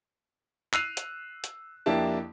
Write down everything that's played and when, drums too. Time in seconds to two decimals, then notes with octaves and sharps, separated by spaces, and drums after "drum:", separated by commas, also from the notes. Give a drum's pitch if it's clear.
0.74 E6 F#6 C7 D#7 F7, drum: clap
0.97 drum: hi-hat
1.44 drum: hi-hat
1.86 F2 A#3 D4 E4 G4 A5